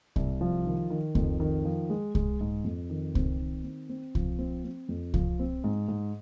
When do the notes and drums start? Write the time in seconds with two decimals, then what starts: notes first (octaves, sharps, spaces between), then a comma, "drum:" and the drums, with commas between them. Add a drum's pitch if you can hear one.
0.16 C2, drum: kick C2
0.41 F3
0.66 D#3
0.90 D#3
1.15 F2, drum: kick C2
1.40 D#3
1.65 F3
1.90 G#3
2.15 G#3, drum: kick C2
2.41 G#2
2.64 F2
2.90 D#3
3.15 C4, drum: kick C2
3.39 D#3
3.64 C4
3.89 C4
4.15 F3, drum: kick C2
4.39 C4
4.65 C4
4.89 F2
5.14 F3, drum: kick C2
5.39 C4
5.64 G#2
5.88 G#2